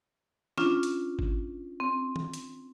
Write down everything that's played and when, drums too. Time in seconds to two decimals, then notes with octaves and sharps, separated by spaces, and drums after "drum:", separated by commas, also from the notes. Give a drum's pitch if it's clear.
0.58 C#4 D4 F4, drum: snare
0.83 drum: hi-hat
1.19 drum: kick G1
1.80 C4
2.16 drum: tom D#3
2.34 drum: hi-hat